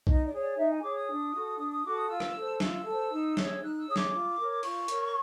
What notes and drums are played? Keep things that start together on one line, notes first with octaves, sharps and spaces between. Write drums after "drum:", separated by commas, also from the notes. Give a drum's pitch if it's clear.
D#4 D#5, drum: kick A#1
D5
G#4 C#5
D5
D#4 E5
G#5
G#4 C#5 D6
D#6
D4
F#4 A4
D4 D#6
D#6
F#4 A4 D6
D#6
F4 E6
drum: rim click
A4 C5
F4 E6, drum: snare
A4
C5
D#4
G#4 C#5, drum: snare
D#4 F#6
E6
G#4 C#5 D#6
D6, drum: snare
F4
A#4 C#5
F4 C#6, drum: cymbal
A#4 C#5, drum: hi-hat